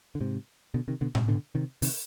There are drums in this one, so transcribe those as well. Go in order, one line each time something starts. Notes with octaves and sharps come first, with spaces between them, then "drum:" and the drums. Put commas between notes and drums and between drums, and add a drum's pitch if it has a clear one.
D3
G#2 C3
B2 D3
C3 D#3
B2 D3
G#2 C3, drum: tom A2
B2 D3
C3 D#3
C3 D#3, drum: open hi-hat